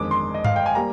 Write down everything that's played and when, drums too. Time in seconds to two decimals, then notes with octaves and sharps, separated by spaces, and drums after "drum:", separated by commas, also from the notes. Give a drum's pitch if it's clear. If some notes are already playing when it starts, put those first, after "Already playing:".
Already playing: G1 F2 D#3 G#3 D6
0.11 C6
0.34 D#5
0.44 F5, drum: tom G2
0.56 G5
0.66 G#5
0.75 G3 A#3 A#5